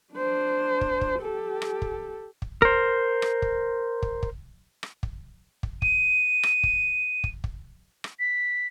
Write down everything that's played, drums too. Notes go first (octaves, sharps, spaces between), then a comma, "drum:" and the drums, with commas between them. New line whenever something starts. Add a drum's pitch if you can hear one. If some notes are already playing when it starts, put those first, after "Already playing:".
D4 C5
drum: kick
drum: kick
G4 A4
drum: rim click
drum: kick
drum: kick
A#4 C5, drum: kick
drum: rim click
drum: kick
drum: kick
drum: kick
drum: rim click
drum: kick
drum: kick
D#7, drum: kick
drum: rim click
drum: kick
drum: kick
drum: kick
drum: rim click
B6